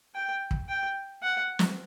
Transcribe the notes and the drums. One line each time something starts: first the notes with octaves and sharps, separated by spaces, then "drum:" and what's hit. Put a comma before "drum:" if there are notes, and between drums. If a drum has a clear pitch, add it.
G5
drum: kick
G5
F#5
drum: snare